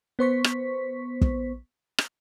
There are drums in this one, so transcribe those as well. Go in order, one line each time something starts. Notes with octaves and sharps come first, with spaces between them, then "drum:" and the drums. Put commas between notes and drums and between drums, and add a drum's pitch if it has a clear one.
B3 C5 C#6 B6
drum: rim click
drum: kick
drum: rim click